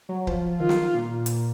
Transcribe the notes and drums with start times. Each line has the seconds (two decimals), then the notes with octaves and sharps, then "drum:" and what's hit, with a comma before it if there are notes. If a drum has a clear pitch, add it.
0.09 F#3
0.27 F3, drum: kick C#1
0.60 D#3 F4
0.69 drum: snare
0.95 A#2
1.26 drum: hi-hat